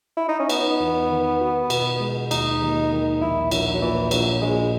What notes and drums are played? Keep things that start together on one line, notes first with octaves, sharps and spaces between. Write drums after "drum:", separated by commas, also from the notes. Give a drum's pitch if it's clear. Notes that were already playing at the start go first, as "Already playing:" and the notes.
E4
D#4
C#4
B3 D#4, drum: cymbal
E2
D#3
F#4
B2, drum: cymbal
G#3
D#2 D#4, drum: cymbal
D#2
D#3
A#1 E4
A#1 F#3, drum: cymbal
F#3
A#2 E3
A#1 F#3, drum: cymbal
A#1 G#3